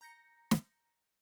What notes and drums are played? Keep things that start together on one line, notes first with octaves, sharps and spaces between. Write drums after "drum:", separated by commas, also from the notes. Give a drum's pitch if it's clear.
A#5 G6 A#6 C#7
drum: snare